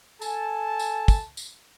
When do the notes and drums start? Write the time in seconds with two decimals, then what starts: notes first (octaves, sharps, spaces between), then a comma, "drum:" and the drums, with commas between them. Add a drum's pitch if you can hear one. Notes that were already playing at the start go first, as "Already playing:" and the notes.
0.22 A4 G#5 A5, drum: tambourine
0.79 drum: tambourine
1.08 drum: kick, tambourine
1.37 drum: tambourine